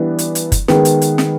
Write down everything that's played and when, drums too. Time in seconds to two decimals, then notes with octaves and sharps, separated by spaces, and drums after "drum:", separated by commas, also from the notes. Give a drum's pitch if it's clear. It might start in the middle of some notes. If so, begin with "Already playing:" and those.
Already playing: E3 G3 B3 D4
0.19 drum: hi-hat
0.35 drum: hi-hat
0.52 drum: kick F#1, hi-hat
0.68 D#3 G#3 B3, drum: snare
0.85 drum: hi-hat
1.02 drum: hi-hat
1.18 drum: snare